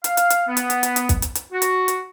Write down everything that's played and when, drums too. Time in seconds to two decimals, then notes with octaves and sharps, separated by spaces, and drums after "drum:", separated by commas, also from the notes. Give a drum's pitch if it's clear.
0.04 F5, drum: hi-hat
0.17 drum: hi-hat
0.30 drum: hi-hat
0.47 B3
0.57 drum: hi-hat
0.70 drum: hi-hat
0.83 drum: hi-hat
0.96 drum: hi-hat
1.09 drum: kick, hi-hat
1.22 drum: hi-hat
1.35 drum: hi-hat
1.52 F#4
1.62 drum: hi-hat
1.88 drum: hi-hat